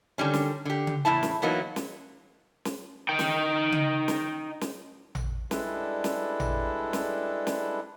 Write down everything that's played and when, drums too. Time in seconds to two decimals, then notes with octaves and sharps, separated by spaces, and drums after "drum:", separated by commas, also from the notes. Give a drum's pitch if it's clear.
0.18 D3 D#3 G3 C#4
0.34 drum: snare
0.65 D3 G4
0.87 drum: tom C#3
1.05 E2 A2 E3 E4 A5
1.23 drum: snare
1.42 E3 F#3 A#3 B3 D#4
1.76 drum: snare
2.65 drum: snare
3.09 D#4 G5
3.19 drum: snare
3.72 drum: tom C#3
4.08 drum: snare
4.61 drum: snare
5.15 drum: tom A1
5.51 G3 G#3 D4 E4 A4 B4, drum: snare
6.04 drum: snare
6.40 drum: tom A1
6.93 drum: snare
7.47 drum: snare